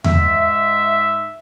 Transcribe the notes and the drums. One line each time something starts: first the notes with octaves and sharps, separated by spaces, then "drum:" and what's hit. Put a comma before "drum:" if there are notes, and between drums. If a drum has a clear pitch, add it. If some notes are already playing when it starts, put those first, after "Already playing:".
G#2 G#3 E5, drum: tom E2